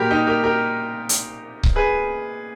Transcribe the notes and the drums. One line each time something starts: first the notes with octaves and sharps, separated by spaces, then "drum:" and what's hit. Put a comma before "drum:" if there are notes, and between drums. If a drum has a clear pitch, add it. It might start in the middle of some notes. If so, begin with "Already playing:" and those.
Already playing: A#2 G3 G4 A#4
D#4 G4
G4 A#4
G4 A#4
drum: hi-hat
drum: kick C#1
G#4 B4